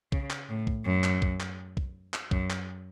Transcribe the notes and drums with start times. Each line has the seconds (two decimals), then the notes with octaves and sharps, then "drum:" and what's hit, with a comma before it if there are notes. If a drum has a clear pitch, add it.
0.12 C#3, drum: kick
0.30 drum: clap
0.49 A2
0.67 drum: kick
0.85 F#2
1.04 drum: clap
1.22 drum: kick
1.40 drum: clap
1.77 drum: kick
2.14 drum: clap
2.31 F#2, drum: kick
2.50 drum: clap